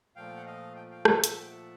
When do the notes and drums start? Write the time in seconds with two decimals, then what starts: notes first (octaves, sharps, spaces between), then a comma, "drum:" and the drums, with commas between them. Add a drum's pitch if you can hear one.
0.16 A#2 F3 A3 F5 G5
0.37 F#5
0.46 D#5 F5
0.76 G5
0.90 F5 G5
1.05 E5 F#5, drum: rim click
1.24 drum: hi-hat
1.40 G5
1.50 E5 F#5